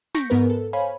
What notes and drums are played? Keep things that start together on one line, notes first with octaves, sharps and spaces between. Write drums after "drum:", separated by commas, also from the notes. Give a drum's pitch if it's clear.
C#6 G6 A#6 B6 C#7 D7, drum: snare
G#2 B3 A#4 B4
A4
C5 C#5 F5 G#5 B5